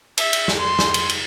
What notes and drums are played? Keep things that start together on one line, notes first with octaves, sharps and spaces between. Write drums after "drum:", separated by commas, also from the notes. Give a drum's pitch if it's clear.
E5, drum: cymbal
drum: cymbal
drum: snare
C6
drum: snare
drum: cymbal
drum: cymbal